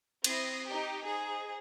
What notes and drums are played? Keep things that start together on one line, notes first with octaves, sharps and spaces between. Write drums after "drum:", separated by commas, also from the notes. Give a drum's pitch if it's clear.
C4 E4 D#6 A#6 C7, drum: cymbal
D#4 G4
D#4 G#4 C5